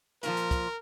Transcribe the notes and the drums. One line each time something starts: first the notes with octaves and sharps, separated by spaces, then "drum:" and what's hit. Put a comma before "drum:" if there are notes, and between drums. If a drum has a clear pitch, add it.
A#2 D#3 F3 A#4, drum: hi-hat
drum: hi-hat
drum: kick, hi-hat